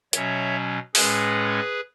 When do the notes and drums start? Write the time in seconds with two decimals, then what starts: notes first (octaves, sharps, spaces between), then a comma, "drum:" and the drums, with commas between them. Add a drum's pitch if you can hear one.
0.13 B2 F#3 C#4 C#5 E5, drum: hi-hat
0.95 A2 G#3 C#4 G#4 B4, drum: open hi-hat